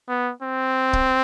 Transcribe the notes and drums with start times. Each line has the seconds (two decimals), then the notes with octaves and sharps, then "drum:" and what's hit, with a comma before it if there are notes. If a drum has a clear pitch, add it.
0.09 B3
0.42 C4
0.93 drum: kick